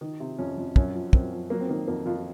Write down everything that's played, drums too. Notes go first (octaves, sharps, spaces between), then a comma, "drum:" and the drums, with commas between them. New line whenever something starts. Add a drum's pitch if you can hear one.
D#3
C3
F2 C#4
F2
F#2 C#4, drum: kick
F3
F#2 C4, drum: kick
F3
F#3 A#3
C4
D#3 A#3
F2 A#3
F2 F4